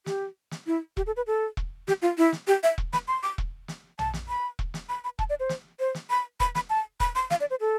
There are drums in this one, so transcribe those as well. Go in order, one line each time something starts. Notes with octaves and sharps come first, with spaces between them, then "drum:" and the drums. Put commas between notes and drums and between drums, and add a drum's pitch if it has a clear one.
G4, drum: snare
drum: snare
E4
G4, drum: kick E1
A4
B4
A4
drum: kick E1
G4, drum: snare
F4
E4
drum: snare
G4
E5
drum: kick E1
B5, drum: snare
C6
D6
drum: kick E1
drum: snare
A5, drum: tom A#1
drum: snare
B5
drum: kick E1
drum: snare
B5
B5
A5, drum: kick E1
D5
C5
drum: snare
C5
drum: snare
B5
B5, drum: kick E1
B5, drum: snare
A5
B5, drum: kick E1
C6
F5, drum: snare
D5
C5
A4